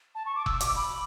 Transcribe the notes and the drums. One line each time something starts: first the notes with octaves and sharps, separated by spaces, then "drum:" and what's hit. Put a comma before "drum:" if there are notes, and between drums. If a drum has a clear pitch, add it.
A5
C#6
D6
E6, drum: kick F1
D6, drum: hi-hat
B5